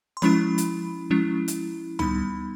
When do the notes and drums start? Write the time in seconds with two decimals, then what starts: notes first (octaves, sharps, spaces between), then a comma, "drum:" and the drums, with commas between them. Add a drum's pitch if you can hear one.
0.17 C6
0.22 F3 G#3 C#4 E4 B5, drum: snare
0.58 drum: hi-hat
1.10 F3 G#3 C#4 E4
1.48 drum: hi-hat
1.99 G3 B3 D#4 B5, drum: tom C#2